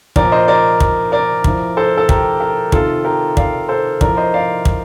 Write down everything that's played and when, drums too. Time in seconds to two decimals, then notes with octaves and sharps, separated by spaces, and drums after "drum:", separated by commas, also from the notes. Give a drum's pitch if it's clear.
0.16 A#2 F3 A#4 D5, drum: kick
0.32 C5 D#5
0.48 A#4 D5
0.80 drum: kick
1.12 A#4 D5
1.44 A2 F3, drum: kick
1.77 A4 C5
1.97 A4
2.09 G4 A#4, drum: kick
2.40 G4 A#4
2.72 C3 D#3 F4 A4, drum: kick
3.04 G4 A#4
3.37 D5 F5, drum: kick
3.69 A4 C5
4.01 A2 F3 A#4 D5, drum: kick
4.17 C5 D#5
4.34 D5 F5
4.65 drum: kick